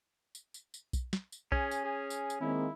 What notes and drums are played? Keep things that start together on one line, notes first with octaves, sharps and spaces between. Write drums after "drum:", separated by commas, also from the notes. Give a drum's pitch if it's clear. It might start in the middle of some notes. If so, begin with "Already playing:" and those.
drum: tambourine
drum: tambourine
drum: tambourine
drum: kick B1, tambourine
drum: snare
drum: tambourine
C#4 G#4, drum: kick B1
drum: tambourine
G#4
drum: tambourine
drum: tambourine
D#3 G#3 A#3 C4 E4